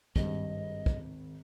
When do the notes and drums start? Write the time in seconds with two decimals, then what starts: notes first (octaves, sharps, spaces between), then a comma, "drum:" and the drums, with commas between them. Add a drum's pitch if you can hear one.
0.16 G#1 G2 D#5, drum: kick
0.86 drum: kick